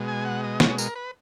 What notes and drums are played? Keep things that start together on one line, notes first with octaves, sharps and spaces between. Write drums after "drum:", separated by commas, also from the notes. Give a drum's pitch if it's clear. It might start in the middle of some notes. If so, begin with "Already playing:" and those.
Already playing: B2 G#3
G#5
F#5
D#5
C#5, drum: snare
A#4, drum: tambourine
B4